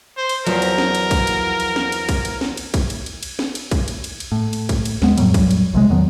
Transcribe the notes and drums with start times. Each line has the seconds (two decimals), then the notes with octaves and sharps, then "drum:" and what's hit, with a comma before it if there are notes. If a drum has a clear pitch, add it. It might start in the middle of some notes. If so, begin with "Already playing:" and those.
0.17 C5
0.29 drum: cymbal
0.47 E2 F3 F#3 A#4, drum: cymbal
0.62 drum: cymbal
0.78 drum: snare
0.95 drum: cymbal
1.11 drum: kick, cymbal
1.27 drum: cymbal
1.60 drum: cymbal
1.76 drum: snare
1.92 drum: cymbal
2.09 drum: kick, cymbal
2.25 drum: cymbal
2.41 drum: snare
2.57 drum: cymbal
2.74 drum: kick, cymbal
2.90 drum: cymbal
3.06 drum: cymbal
3.23 drum: cymbal
3.39 drum: snare
3.55 drum: cymbal
3.71 drum: kick, cymbal
3.88 drum: cymbal
4.04 drum: cymbal
4.20 drum: cymbal
4.32 A2
4.53 drum: cymbal
4.69 drum: kick, cymbal
4.85 drum: cymbal
5.02 D#2 G#3 B3, drum: snare
5.18 F2 A2 F#3 G3, drum: cymbal
5.34 drum: kick, cymbal
5.51 drum: cymbal
5.73 B1 C3 F3 G#3
5.90 E2 D#3 F#3 B3